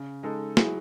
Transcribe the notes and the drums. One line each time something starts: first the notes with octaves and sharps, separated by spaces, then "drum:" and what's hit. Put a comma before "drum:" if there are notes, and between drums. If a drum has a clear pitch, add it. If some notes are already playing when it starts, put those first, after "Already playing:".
Already playing: C#3
G#3 D#4 A4
F#3 E4 G#4, drum: snare